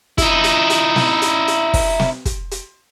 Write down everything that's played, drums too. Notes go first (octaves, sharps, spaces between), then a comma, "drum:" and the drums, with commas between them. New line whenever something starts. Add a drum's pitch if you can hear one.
D#4 E4, drum: kick, hi-hat
drum: hi-hat
drum: hi-hat
drum: snare
drum: hi-hat
drum: hi-hat
drum: kick, open hi-hat
drum: snare
drum: kick, hi-hat
drum: hi-hat